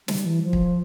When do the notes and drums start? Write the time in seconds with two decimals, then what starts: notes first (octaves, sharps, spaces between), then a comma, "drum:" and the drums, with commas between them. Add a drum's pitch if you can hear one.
0.08 G3, drum: snare
0.26 E3
0.43 F3
0.53 drum: kick